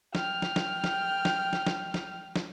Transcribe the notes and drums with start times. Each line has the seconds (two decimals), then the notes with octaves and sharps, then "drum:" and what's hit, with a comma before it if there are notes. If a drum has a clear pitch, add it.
0.15 G5 F6, drum: snare
0.42 drum: snare
0.56 drum: snare
0.84 drum: snare
1.25 drum: snare
1.53 drum: snare
1.67 drum: snare
1.94 drum: snare
2.36 drum: snare